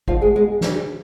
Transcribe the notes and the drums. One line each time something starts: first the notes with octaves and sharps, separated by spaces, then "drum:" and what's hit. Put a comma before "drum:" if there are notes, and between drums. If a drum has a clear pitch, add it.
B2 F3 F4, drum: kick G#1
G#3 G#4
B2 G#3 G#4
drum: snare